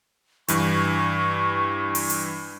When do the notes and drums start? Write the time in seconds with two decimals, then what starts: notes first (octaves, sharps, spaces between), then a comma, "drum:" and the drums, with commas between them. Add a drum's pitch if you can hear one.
0.48 G2 E3 C#6, drum: hi-hat
1.95 drum: open hi-hat
2.10 drum: hi-hat